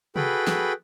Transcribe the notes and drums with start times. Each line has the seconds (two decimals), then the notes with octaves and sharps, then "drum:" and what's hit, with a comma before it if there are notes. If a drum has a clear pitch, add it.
0.16 F#4 G#4 A4 B4 G5 B5, drum: tom C3
0.47 drum: snare